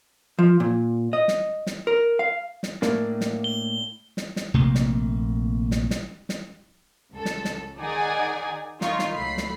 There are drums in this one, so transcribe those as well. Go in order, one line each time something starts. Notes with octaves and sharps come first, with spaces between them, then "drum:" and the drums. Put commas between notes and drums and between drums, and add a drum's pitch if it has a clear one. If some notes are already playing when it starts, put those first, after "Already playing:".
F3
A#2
D#5
drum: snare
drum: snare
A#4
F5
drum: snare
A2 A#3 D4, drum: snare
drum: snare
G7
drum: snare
drum: snare
A#1 C3 A3 A#3
drum: snare
drum: snare
drum: snare
drum: snare
C#2 A4
drum: snare
drum: snare
D#3 D#4 G#4 D5 F#5 G#5
D#3 D#4 F4 C#6, drum: snare
drum: snare
C#2 F#3 A3 B5 C7
drum: snare